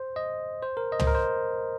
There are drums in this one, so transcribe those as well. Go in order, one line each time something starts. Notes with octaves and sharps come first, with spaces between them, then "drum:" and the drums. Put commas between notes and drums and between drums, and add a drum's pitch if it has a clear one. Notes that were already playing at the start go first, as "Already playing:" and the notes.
Already playing: C5
D#5
C5
A#4
D#5
C5, drum: tom
A#4
C5